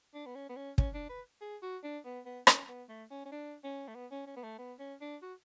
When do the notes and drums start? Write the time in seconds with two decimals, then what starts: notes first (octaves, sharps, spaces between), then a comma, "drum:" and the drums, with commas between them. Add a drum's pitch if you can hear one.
0.14 D4
0.26 B3
0.35 C#4
0.49 B3
0.56 C#4
0.78 C#4, drum: kick
0.94 D4
1.09 B4
1.41 G#4
1.62 F#4
1.84 D4
2.05 B3
2.25 B3
2.47 C#4, drum: rim click
2.68 B3
2.89 A3
3.11 C#4
3.26 C#4
3.32 D4
3.64 C#4
3.88 A3
3.95 B3
4.11 C#4
4.27 C#4
4.36 B3
4.43 A3
4.58 B3
4.79 C#4
5.01 D4
5.22 F#4